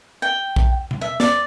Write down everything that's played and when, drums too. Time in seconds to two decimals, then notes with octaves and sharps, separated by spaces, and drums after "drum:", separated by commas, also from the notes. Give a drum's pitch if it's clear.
0.22 G5
0.56 drum: kick A#1
0.91 drum: tom B2
1.01 E5
1.20 D5, drum: snare